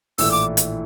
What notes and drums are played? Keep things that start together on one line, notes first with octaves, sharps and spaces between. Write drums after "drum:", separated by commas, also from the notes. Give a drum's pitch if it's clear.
A#1 A2 E3 A3 E6, drum: open hi-hat
D6
drum: hi-hat